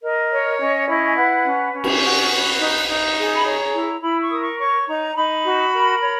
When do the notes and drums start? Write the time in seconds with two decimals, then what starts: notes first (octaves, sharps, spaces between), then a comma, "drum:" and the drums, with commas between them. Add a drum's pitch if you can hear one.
0.03 A#4 D#5
0.32 C#5
0.60 C#4 D#5
0.88 E4 D#5
1.05 G#5
1.16 B4 F#5
1.46 C#4
1.74 C#4
1.84 drum: cymbal
2.02 F#4
2.31 B4
2.59 D#4
2.88 D#4
3.17 G#4
3.35 B5
3.45 C#5 A#5
3.73 E4
4.01 E4 B5
4.21 C#6
4.30 A#4 D#6
4.40 C#6
4.59 C#5 C#6
4.87 D#4 A#5
5.16 D#4 B5
5.45 F#4
5.73 A#4
6.01 C#5